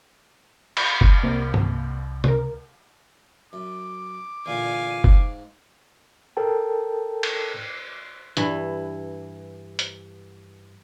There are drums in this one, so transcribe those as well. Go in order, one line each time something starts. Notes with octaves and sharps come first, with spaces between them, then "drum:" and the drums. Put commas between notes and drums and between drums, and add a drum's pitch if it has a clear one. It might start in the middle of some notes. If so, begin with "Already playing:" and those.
B5, drum: cymbal
drum: kick
C2 C3 A#3
drum: tom G2
C#2 A#4, drum: tom C3
F#2 D6
E2 A#2 D3 F5 G#5
G#2, drum: kick
A4 A#4 G5 A5
drum: cymbal
G2 E3, drum: hi-hat
drum: hi-hat